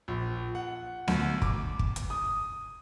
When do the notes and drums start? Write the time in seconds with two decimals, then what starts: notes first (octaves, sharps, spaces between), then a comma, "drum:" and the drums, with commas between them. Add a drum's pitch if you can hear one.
0.08 A#1
0.55 F#5
1.08 D2, drum: snare B3
1.42 D6, drum: kick
1.79 drum: kick
1.96 drum: hi-hat
2.10 D#6